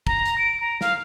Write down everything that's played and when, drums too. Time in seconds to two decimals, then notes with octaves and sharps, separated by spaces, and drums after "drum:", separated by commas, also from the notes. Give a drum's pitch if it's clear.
0.07 A#5, drum: kick
0.25 drum: hi-hat
0.38 D7
0.60 A#5
0.81 F5, drum: snare